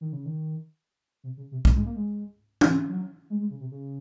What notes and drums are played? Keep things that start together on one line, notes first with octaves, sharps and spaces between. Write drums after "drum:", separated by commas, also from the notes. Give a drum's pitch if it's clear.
D#3
C#3
D#3
C3
C#3
C3
A#2, drum: kick B1
G#3
A#3
G#3
drum: tom
F#3
G#3
G#3
C#3
C3
C#3